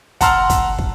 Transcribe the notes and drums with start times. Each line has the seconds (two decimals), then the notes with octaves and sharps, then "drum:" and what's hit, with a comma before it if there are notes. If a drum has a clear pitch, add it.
0.21 F#5 A5 A#5 C6 E6 F6, drum: kick, hi-hat
0.50 drum: kick, hi-hat
0.79 drum: kick